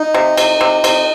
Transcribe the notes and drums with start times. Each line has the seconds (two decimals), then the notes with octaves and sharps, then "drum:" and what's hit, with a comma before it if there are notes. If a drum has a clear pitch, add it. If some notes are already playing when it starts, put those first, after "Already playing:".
Already playing: D#4
0.14 C3
0.37 C3, drum: cymbal
0.61 C3
0.84 C3, drum: cymbal